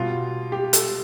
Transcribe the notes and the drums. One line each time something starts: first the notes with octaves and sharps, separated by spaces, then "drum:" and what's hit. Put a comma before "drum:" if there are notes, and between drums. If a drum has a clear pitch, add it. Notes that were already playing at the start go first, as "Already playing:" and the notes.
Already playing: B2 G3 F4
G4
A4, drum: hi-hat